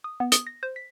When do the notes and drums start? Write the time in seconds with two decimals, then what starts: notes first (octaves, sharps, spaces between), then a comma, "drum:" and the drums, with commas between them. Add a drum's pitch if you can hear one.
0.04 D#6
0.20 B3
0.32 D#6, drum: hi-hat
0.47 A#6
0.63 C5
0.76 B6